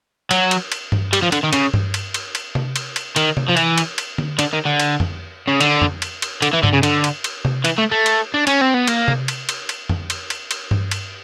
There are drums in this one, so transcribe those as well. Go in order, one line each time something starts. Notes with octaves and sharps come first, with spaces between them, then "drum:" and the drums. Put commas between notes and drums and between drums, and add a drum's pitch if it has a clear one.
F#3, drum: cymbal
drum: cymbal
drum: cymbal
drum: tom G2
G3, drum: cymbal
F3
D3, drum: cymbal
D#3
C#3, drum: cymbal
drum: tom G2
drum: cymbal
drum: cymbal
drum: cymbal
drum: tom C3
drum: cymbal
drum: cymbal
D#3, drum: cymbal
drum: tom C3
F3
E3, drum: cymbal
drum: cymbal
drum: cymbal
drum: tom D3
D3, drum: cymbal
D#3
D3
drum: cymbal
drum: tom F2
C#3
D3, drum: cymbal
drum: tom F2
drum: cymbal
drum: cymbal
D3, drum: cymbal
E3
D3, drum: tom G2
C#3
D3, drum: cymbal
drum: cymbal
drum: cymbal
drum: tom C3
E3, drum: cymbal
A3
A3
drum: cymbal
D4
C#4, drum: cymbal
C4
B3
A#3, drum: cymbal
drum: tom C3
drum: cymbal
drum: cymbal
drum: cymbal
drum: tom F2
drum: cymbal
drum: cymbal
drum: cymbal
drum: tom G2
drum: cymbal